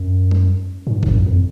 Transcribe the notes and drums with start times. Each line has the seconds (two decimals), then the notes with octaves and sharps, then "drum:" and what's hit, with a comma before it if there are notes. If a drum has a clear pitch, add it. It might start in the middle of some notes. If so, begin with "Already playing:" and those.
Already playing: F#2
0.31 drum: tom
0.87 A#2
0.91 G#2
1.03 G#2, drum: kick
1.08 F#2
1.26 F2